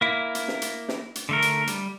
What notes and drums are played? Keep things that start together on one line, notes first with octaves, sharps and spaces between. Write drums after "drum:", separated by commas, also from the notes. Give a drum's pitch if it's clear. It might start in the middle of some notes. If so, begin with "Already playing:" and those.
A#3 E4
drum: hi-hat
drum: snare
drum: hi-hat
drum: snare
drum: hi-hat
D3 A3 A#4
drum: hi-hat
G3, drum: hi-hat